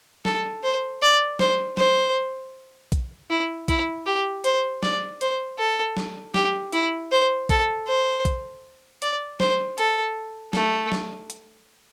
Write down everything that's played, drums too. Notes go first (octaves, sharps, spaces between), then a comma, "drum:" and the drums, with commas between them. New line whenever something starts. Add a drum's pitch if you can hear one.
A4, drum: snare
C5
D5
C5, drum: snare
C5, drum: snare
drum: kick B1, hi-hat
E4
E4, drum: kick B1, hi-hat
G4
C5, drum: hi-hat
D5, drum: snare
C5, drum: hi-hat
A4
drum: snare
G4, drum: snare
E4, drum: hi-hat
C5
A4, drum: kick B1, hi-hat
C5
drum: kick B1, hi-hat
D5, drum: hi-hat
C5, drum: snare
A4, drum: hi-hat
A3, drum: snare
drum: snare
drum: hi-hat